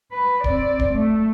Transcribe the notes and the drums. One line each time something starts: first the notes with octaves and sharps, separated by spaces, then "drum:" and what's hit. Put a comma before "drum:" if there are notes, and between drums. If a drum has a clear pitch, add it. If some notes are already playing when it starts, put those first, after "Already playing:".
B4
C4 D5, drum: kick D1
drum: kick D1
A3